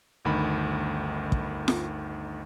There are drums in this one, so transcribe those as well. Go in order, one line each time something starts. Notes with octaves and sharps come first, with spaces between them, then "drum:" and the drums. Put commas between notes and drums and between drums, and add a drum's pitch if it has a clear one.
G1 D2 D#3 B5
drum: kick
drum: snare F4